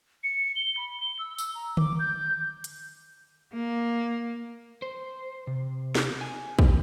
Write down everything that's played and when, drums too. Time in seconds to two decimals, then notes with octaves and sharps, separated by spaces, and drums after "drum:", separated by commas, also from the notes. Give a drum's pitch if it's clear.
0.24 C#7
0.56 G7
0.77 B5
1.00 G7
1.19 E6
1.38 E6, drum: tambourine
1.55 A#5
1.77 D6, drum: tom D3
1.99 G6
2.64 drum: hi-hat
3.53 A#3
4.82 C5
5.47 C3
5.95 drum: snare
6.21 G#5
6.59 D3, drum: kick